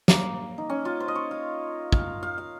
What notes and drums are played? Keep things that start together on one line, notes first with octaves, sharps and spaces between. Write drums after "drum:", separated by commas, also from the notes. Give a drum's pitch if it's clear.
A#3, drum: snare
D#4
C#4
F4
C5
D#5
C#5
F5
F5, drum: kick
F5
F5